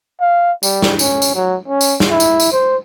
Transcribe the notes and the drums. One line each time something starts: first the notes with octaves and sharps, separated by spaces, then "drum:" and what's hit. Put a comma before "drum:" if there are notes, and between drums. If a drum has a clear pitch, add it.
F5
G3, drum: tambourine
drum: snare
C#4, drum: tambourine
drum: tambourine
F#3
C#4
drum: tambourine
drum: snare
E4
drum: tambourine
drum: tambourine
C5